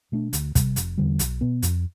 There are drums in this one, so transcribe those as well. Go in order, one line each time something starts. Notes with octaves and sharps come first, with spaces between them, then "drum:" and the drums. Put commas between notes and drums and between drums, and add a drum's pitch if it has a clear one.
B2 A3 D4
D2, drum: hi-hat
C3 G3, drum: kick, hi-hat
F1, drum: hi-hat
E2 D3 G3
B1, drum: hi-hat
B2 B3
F2, drum: hi-hat